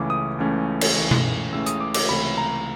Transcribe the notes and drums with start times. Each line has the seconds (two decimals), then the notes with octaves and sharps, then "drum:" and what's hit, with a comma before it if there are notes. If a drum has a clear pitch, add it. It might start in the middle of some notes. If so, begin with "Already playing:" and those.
Already playing: C#2 C#3 E3 A3 C#4 D6
0.10 D#6
0.39 C#2 C#3 E3 A3 C#4
0.81 drum: cymbal
0.95 C#2 C#3 E3 A3 C#4
1.11 drum: tom B2
1.52 C#2 C#3 E3 A3 C#4 E6
1.66 D#6, drum: hi-hat
1.80 D6
1.94 D6, drum: cymbal
2.09 C#2 C3 E3 A3 B5
2.38 A#5